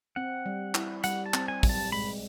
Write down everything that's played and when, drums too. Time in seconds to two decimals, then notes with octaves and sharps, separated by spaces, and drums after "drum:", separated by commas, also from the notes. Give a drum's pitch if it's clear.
0.16 C4 F#5
0.46 G3
0.75 E4, drum: clap
1.04 G3 F#5, drum: hi-hat
1.26 A5
1.34 C4, drum: clap
1.48 G#5
1.63 G3, drum: kick, open hi-hat
1.69 A5
1.92 G#3 B5